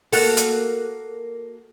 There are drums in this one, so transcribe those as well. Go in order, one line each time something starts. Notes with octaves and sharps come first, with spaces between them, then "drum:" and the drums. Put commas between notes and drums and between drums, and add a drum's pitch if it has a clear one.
A#3 F#4 A4, drum: open hi-hat
drum: hi-hat